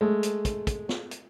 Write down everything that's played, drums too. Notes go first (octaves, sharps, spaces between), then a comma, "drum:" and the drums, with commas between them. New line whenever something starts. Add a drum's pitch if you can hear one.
G#3 A3
drum: hi-hat
drum: kick, hi-hat
drum: kick, hi-hat
drum: snare
drum: hi-hat